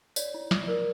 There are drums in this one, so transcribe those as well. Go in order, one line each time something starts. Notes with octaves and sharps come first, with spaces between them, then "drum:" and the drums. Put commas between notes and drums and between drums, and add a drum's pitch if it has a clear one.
C#5 D5, drum: tambourine
E4
E4 E5, drum: snare
A#4 D5